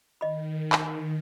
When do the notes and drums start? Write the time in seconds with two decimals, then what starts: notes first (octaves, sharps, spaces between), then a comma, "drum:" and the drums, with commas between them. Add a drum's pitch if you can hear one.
0.21 D#3 D#5 B5
0.73 drum: clap